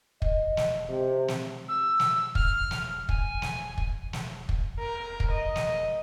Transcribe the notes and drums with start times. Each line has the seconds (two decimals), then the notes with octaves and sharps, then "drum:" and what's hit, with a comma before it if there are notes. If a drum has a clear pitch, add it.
0.22 D#5, drum: kick
0.57 drum: snare
0.89 C3
1.28 drum: snare
1.68 E6
2.00 drum: snare
2.35 F6, drum: kick
2.71 drum: snare
3.09 G#5, drum: kick
3.42 drum: snare
3.78 drum: kick
4.13 drum: snare
4.49 drum: kick
4.79 A#4
5.20 drum: kick
5.31 D#5
5.56 drum: snare